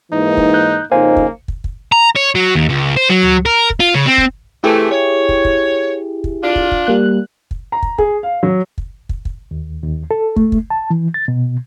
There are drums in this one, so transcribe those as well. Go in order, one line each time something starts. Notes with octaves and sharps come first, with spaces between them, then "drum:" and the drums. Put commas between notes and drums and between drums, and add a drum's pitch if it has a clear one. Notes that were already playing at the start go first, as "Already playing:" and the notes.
G#2 E3 A#3 D#4
drum: kick
F#6 G6
F2 C#3 A#3 D#4 C5 F5 G#5
drum: kick
drum: kick
drum: kick
A#5
C#5
F#3
D#2
C#2
C5
F#3
drum: tom C#2
A#4
drum: kick
F4
C#3
C4
drum: kick
C3 E3 A3 E4 G4 G#4
C#5
drum: kick
drum: kick
drum: kick
D4 F4
drum: kick
drum: kick
G3 A#3 F#6
drum: kick
A#5
drum: kick
G#4, drum: kick
F5
F#3
drum: kick
drum: kick
drum: kick
D#2
D#2
A4
A3, drum: kick
drum: kick
A5
E3
A6
B2